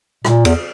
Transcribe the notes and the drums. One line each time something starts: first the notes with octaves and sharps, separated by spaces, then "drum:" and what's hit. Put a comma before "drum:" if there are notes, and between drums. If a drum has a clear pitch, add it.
A#2, drum: rim click
E2, drum: cymbal